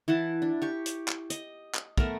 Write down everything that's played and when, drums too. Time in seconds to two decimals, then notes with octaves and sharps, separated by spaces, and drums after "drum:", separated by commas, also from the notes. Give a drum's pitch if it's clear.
0.08 E3 E4 F#5 A5
0.42 D4
0.62 G4 C#6
0.86 drum: hi-hat
1.08 drum: clap
1.30 D#5, drum: hi-hat
1.75 drum: clap
1.98 A3 B3 A#4 A#5, drum: kick